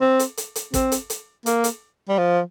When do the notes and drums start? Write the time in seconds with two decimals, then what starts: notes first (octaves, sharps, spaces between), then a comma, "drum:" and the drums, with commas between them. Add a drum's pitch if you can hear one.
0.01 C4
0.19 drum: hi-hat
0.37 drum: hi-hat
0.56 drum: hi-hat
0.74 C4, drum: kick, hi-hat
0.92 drum: hi-hat
1.10 drum: hi-hat
1.46 A#3, drum: hi-hat
1.64 drum: hi-hat
2.09 G3
2.18 F3